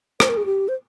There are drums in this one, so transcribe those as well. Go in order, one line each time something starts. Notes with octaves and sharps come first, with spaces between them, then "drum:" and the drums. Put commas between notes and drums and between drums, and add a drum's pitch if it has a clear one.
C5, drum: rim click
A#4
G#4
G4
C5